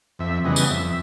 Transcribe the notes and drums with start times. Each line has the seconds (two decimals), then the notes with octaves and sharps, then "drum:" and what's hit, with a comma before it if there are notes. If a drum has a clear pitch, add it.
0.19 F2 E5
0.44 C#3 E3 G3 B3 D#5
0.56 drum: tambourine
0.70 F2 E5